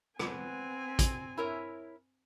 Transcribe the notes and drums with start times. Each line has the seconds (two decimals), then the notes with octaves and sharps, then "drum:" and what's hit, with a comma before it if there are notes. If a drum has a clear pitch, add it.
0.19 B3 C4 G#5, drum: rim click
0.99 drum: kick A1, hi-hat
1.37 E4 A#4 C#5